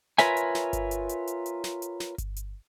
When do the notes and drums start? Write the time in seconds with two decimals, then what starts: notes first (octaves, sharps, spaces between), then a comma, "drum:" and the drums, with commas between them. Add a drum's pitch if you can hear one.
0.18 F4 A#4 B4 C#5 E5 G#5, drum: snare
0.37 drum: hi-hat
0.55 drum: snare
0.73 drum: kick G1, hi-hat
0.91 drum: hi-hat
1.09 drum: hi-hat
1.27 drum: hi-hat
1.46 drum: hi-hat
1.64 drum: snare
1.82 drum: hi-hat
2.00 drum: snare
2.18 drum: kick G1, hi-hat
2.36 drum: hi-hat